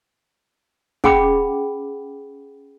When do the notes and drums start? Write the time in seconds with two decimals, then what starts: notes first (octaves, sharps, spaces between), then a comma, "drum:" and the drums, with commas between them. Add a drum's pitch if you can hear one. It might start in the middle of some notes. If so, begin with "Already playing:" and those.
1.04 C#4 G#4 F#5 G5 B5 D6, drum: kick